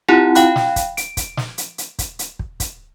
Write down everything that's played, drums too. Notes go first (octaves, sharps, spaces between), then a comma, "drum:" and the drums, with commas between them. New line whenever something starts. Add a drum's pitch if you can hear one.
C4 E4 F4 G4 F#5 G#5
F5 G5 B5 F#6, drum: hi-hat
drum: snare
drum: kick, hi-hat
D7, drum: hi-hat
drum: kick, hi-hat
drum: snare
drum: hi-hat
drum: hi-hat
drum: kick, hi-hat
drum: hi-hat
drum: kick
drum: kick, hi-hat